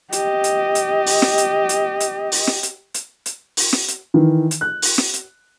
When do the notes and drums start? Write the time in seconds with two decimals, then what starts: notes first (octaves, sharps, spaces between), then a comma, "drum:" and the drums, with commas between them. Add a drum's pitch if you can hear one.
0.12 G4 D#5, drum: hi-hat
0.44 drum: hi-hat
0.75 drum: hi-hat
1.06 drum: open hi-hat
1.22 drum: snare
1.38 drum: hi-hat
1.69 drum: hi-hat
2.00 drum: hi-hat
2.32 drum: open hi-hat
2.47 drum: snare
2.63 drum: hi-hat
2.94 drum: hi-hat
3.26 drum: hi-hat
3.57 drum: open hi-hat
3.73 drum: snare
3.88 drum: hi-hat
4.14 D#3 E3
4.51 drum: hi-hat
4.61 F#6
4.82 drum: open hi-hat
4.98 drum: snare
5.14 drum: hi-hat